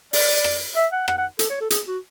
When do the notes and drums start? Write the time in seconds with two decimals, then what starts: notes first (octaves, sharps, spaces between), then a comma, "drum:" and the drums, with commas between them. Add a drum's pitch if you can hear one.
0.13 D5, drum: open hi-hat
0.44 drum: rim click
0.76 E5
0.92 F#5
1.08 F#5, drum: rim click
1.18 F#5
1.39 A4, drum: hi-hat
1.49 C#5
1.60 A4
1.70 G#4, drum: hi-hat
1.87 F#4